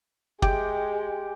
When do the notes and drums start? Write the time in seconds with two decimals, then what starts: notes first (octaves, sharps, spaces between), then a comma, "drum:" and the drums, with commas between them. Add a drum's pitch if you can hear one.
0.42 G#3 G4, drum: kick